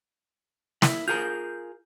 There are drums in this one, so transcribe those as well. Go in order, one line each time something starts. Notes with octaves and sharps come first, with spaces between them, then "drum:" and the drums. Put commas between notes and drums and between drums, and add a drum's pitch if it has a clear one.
E4, drum: snare
F4 G#4 A#4 G6